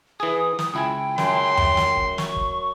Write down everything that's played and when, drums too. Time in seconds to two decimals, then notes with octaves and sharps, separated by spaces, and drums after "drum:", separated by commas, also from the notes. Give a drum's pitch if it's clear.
0.20 E3 G#4 D#6
0.59 drum: snare
0.74 C#2 E4 G5 G#5
1.18 F#2 C6, drum: snare
1.57 drum: tom F2
1.77 drum: snare
1.97 drum: kick
2.18 C#6, drum: snare
2.36 drum: kick